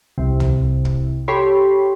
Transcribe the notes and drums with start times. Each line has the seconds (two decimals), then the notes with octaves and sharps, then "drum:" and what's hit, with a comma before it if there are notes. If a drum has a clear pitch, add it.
0.18 C2 C3
0.40 drum: tom C#2
0.85 drum: kick
1.28 G4 A4 C#5 B5 C6